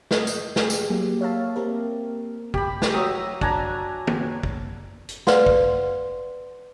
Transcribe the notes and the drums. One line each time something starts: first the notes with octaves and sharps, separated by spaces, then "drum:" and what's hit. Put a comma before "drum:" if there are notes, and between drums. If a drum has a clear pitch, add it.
D#5, drum: snare
G6, drum: tambourine
G4 G#4, drum: snare
drum: tambourine
F#3 A#3 G4
C#5 E5 F5 A5
A#3 C4 G4 A#4
G4 B5, drum: kick
drum: snare
F#3 E5 A#5 D#6
D4 G#5 A#5, drum: kick
drum: tom
drum: kick
drum: hi-hat
B4 C5 D5 F5 F#5 C6, drum: snare
drum: kick